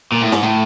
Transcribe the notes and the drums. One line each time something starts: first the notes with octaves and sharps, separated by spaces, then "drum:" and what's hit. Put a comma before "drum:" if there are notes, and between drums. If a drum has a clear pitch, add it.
A#2
A2
G#2, drum: snare
A2